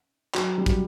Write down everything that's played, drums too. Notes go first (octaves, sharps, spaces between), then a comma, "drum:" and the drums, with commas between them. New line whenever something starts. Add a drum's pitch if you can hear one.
F#3, drum: clap
G3
F#3, drum: kick, hi-hat